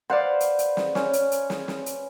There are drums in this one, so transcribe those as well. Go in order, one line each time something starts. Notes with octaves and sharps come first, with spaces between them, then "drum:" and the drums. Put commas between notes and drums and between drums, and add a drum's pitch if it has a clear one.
B4 C5 D5 F5 F#5
drum: hi-hat
drum: hi-hat
drum: snare
C#4, drum: snare
drum: hi-hat
drum: hi-hat
drum: snare
drum: snare
drum: hi-hat